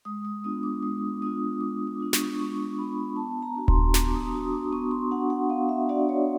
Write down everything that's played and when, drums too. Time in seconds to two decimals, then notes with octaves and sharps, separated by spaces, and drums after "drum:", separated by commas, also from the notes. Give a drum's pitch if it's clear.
0.05 G#3 D#6
0.25 D#6
0.44 B3 D4 F4 D#6
0.63 D6
0.83 G#3 D#6
1.21 B3 D4 F4 D#6
1.60 G#3 D6
1.87 D6
2.00 B3 D4 F4
2.13 C#6, drum: snare
2.39 G#3 C#6
2.78 B3 D4 F4 B5
3.16 B3 A5
3.42 A#5
3.55 D4 F#4
3.68 C6, drum: kick D#1
3.94 B3 D6, drum: snare
4.14 D#6
4.34 D4 F#4 D#6
4.52 D6
4.72 B3 C#6
4.91 C6
5.11 D4 F#4 F#5
5.30 F#5
5.50 B3 F5
5.69 E5
5.89 D4 F#4 D5
6.09 C#5